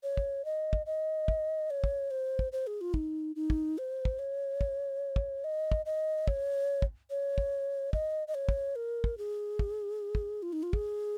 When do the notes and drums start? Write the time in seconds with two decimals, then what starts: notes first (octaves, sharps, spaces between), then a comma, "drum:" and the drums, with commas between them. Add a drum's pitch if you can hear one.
0.03 C#5
0.17 drum: kick
0.45 D#5
0.73 drum: kick
0.86 D#5
1.28 drum: kick
1.70 C#5
1.84 drum: kick
2.11 C5
2.39 drum: kick
2.52 C5
2.67 G#4
2.81 F4
2.94 D#4, drum: kick
3.36 D#4
3.50 drum: kick
3.78 C5
4.05 drum: kick
4.19 C#5
4.61 drum: kick
5.16 drum: kick
5.44 D#5
5.72 drum: kick
5.86 D#5
6.28 C#5, drum: kick
6.82 drum: kick
7.10 C#5
7.38 drum: kick
7.93 D#5, drum: kick
8.28 D#5
8.35 C#5
8.49 drum: kick
8.76 A#4
9.04 drum: kick
9.18 G#4
9.59 drum: kick
10.15 drum: kick
10.43 F4
10.53 D#4
10.63 F4
10.73 G#4, drum: kick